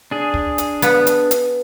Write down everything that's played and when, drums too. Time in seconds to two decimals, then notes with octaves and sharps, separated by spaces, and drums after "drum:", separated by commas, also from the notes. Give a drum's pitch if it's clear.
0.11 D4 G#4
0.34 drum: kick
0.58 drum: hi-hat
0.82 B3, drum: hi-hat
1.07 drum: hi-hat
1.31 drum: hi-hat